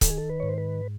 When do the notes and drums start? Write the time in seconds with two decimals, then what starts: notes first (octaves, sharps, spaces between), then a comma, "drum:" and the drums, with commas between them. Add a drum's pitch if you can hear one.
0.01 D#3 A4, drum: kick C#1, hi-hat
0.10 G#4
0.18 A4
0.29 B4
0.40 G#2 C#5
0.49 C5
0.58 B4